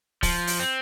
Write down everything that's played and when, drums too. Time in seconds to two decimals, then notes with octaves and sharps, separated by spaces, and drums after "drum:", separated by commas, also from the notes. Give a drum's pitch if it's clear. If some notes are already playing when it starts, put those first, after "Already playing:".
0.23 F3, drum: kick D1, open hi-hat
0.47 drum: open hi-hat
0.60 C4